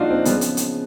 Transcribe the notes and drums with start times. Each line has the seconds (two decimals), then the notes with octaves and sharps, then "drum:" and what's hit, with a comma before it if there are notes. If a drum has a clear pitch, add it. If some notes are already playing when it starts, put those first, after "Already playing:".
Already playing: A#2 F3 G#3 D4 D#4 F4 F#4
0.10 C4
0.25 C#3 F3 G#3 B3, drum: hi-hat
0.41 drum: hi-hat
0.57 drum: hi-hat